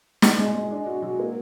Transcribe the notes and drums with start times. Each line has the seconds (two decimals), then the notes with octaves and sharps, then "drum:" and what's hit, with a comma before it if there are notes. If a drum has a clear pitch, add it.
0.22 D#4, drum: snare
0.39 G#3
0.54 G#3
0.71 D4
0.86 F#4
1.02 F#3
1.19 A#3